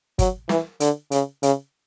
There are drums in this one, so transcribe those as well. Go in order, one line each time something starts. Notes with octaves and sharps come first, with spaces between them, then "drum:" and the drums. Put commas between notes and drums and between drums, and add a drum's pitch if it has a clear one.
F#3, drum: kick G1, hi-hat
E3, drum: snare
D3, drum: hi-hat
C#3, drum: hi-hat
C#3, drum: hi-hat